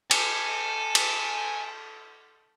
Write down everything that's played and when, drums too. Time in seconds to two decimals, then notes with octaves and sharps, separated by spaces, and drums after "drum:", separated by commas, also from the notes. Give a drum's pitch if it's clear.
0.11 A4 G#5, drum: cymbal
0.95 drum: cymbal